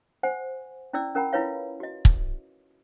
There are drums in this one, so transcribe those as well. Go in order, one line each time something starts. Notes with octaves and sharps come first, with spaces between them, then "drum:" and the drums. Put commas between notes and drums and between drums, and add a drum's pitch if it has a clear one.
C5 F#5 G#5
C#4 E4 D5 E6
C#4 A#4 F#5 A#5 B5
E4 F4 B4 C#5 F5
F#4 D#5
drum: kick